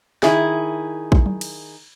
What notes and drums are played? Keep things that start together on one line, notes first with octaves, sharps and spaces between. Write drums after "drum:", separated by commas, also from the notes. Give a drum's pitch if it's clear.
D#3 E4 G#4, drum: snare
drum: kick
drum: tom F#3
drum: cymbal